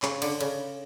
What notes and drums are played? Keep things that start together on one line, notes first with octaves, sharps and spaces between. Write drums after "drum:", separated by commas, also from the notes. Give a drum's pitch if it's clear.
C#3, drum: clap
D3, drum: cymbal
C#3, drum: cymbal